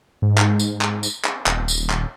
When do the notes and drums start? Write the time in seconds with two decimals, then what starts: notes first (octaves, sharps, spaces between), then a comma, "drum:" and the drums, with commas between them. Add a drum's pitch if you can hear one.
0.22 G#2
0.38 drum: clap
0.59 drum: tambourine
0.81 drum: clap
1.03 drum: tambourine
1.25 drum: clap
1.46 D#1, drum: clap
1.68 drum: tambourine
1.90 drum: clap